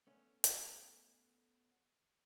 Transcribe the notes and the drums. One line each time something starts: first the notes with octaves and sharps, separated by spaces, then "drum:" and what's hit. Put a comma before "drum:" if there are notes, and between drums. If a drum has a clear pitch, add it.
A3 B3 C#4
drum: hi-hat